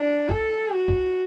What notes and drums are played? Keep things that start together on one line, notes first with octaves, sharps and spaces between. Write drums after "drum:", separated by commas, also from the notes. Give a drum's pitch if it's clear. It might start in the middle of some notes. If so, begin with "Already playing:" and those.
Already playing: D4
A4, drum: kick C2
F#4
drum: kick C2